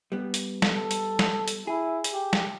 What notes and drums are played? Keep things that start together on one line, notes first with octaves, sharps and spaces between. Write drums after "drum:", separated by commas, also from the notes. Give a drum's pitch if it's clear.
G3 B3
drum: hi-hat
A4, drum: snare
drum: hi-hat
drum: snare
drum: hi-hat
E4 G#4
drum: hi-hat
G4
drum: snare